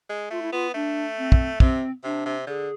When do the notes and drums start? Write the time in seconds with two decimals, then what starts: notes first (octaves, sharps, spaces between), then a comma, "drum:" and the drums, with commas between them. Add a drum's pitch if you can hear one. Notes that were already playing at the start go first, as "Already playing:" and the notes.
0.09 G#3
0.30 A3 F4
0.42 E4
0.52 B3 F4
0.74 A3 D4
1.18 C4
1.32 drum: kick
1.60 C3 C4, drum: kick
2.04 C3 D4
2.26 C3
2.47 D3 G#4